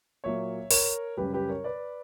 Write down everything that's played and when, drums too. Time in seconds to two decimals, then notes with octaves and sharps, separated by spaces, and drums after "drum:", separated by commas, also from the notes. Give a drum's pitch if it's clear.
0.24 A#2 F#3 A#3 C#5 E5
0.71 A#4 C#5, drum: open hi-hat
1.17 F#2 C#3 G3 C#4 G4 B4
1.33 G4 B4
1.49 A#4 C#5
1.64 B4 D5